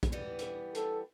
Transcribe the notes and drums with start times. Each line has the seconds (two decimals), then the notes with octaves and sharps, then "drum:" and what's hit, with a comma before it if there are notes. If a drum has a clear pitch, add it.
0.03 drum: kick, hi-hat
0.12 E3 G3 B3
0.39 drum: hi-hat
0.75 A4, drum: hi-hat